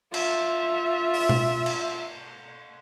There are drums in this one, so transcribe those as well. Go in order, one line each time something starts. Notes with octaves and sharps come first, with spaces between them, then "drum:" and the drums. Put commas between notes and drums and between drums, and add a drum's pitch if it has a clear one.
F4 E5, drum: cymbal
drum: open hi-hat
drum: tom B2
drum: cymbal